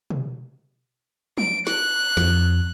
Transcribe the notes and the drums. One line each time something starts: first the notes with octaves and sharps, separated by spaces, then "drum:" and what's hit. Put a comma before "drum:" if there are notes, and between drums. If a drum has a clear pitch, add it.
drum: tom B2
D7, drum: tom F3
F#6, drum: snare
F2, drum: snare